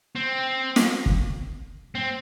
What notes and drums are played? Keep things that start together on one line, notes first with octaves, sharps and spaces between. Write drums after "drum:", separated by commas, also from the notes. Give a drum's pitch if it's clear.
C4
drum: snare
drum: kick
C4